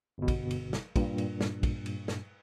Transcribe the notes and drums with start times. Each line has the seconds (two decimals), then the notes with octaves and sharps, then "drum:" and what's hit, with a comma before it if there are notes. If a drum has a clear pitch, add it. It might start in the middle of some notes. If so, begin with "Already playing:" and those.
0.18 G1 B2
0.28 drum: kick, cymbal
0.51 drum: cymbal
0.73 drum: snare
0.96 G2 A#2, drum: kick, cymbal
1.18 drum: cymbal
1.41 drum: snare
1.63 drum: kick, cymbal
1.86 drum: cymbal
2.08 drum: snare